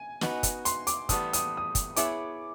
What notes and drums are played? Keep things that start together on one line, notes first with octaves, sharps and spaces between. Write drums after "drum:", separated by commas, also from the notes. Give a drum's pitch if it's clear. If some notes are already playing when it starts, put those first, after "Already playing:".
Already playing: G#5
B3 D#4 F#4 B4, drum: snare
drum: kick, hi-hat
C6, drum: hi-hat
D6, drum: hi-hat
A2 E3 G3 B3 D#6, drum: kick, hi-hat
D#6, drum: hi-hat
D#6
drum: kick, hi-hat
B3 E4 G#4 C#5 E5 D6, drum: hi-hat